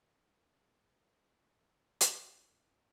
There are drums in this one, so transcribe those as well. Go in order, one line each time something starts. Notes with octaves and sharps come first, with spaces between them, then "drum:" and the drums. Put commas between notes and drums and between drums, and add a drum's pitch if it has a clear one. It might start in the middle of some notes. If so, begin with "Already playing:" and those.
G3 E4 F4 A4
drum: hi-hat